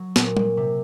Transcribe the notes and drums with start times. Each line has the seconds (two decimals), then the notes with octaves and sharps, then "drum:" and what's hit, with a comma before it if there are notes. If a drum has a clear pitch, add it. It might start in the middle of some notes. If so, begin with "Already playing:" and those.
Already playing: F#3
0.16 A#2, drum: snare
0.37 drum: tom
0.57 C3